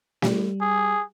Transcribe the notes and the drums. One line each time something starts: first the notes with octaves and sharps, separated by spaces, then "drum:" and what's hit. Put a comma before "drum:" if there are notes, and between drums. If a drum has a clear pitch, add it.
G3, drum: snare
G#4